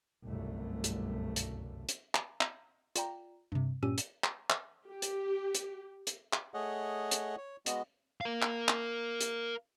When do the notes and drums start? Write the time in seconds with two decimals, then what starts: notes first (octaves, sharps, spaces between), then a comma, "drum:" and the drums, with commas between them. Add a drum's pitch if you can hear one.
0.24 G1 C2 F#2 B2 A3
0.84 drum: hi-hat
1.36 drum: hi-hat
1.89 drum: hi-hat
2.15 drum: clap
2.41 drum: clap
2.95 F4 D5 G5 A#5, drum: hi-hat
3.52 G2 C3
3.83 G2 A#2 C#4 G4 E6 D#7
3.98 drum: hi-hat
4.24 drum: clap
4.50 drum: clap
4.89 G4
5.02 drum: hi-hat
5.55 drum: hi-hat
6.07 drum: hi-hat
6.33 drum: clap
6.54 A3 G#4 C#5 D#5 F#5
7.11 drum: hi-hat
7.38 C#5
7.66 G#3 B3 F#4 D#5, drum: hi-hat
8.21 A#4 F5
8.42 drum: clap
8.68 drum: clap
9.21 drum: hi-hat